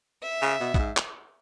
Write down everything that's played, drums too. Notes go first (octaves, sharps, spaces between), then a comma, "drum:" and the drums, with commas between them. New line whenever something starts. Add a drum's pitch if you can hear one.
E5
C#3
B2
B2, drum: kick
G#2
drum: clap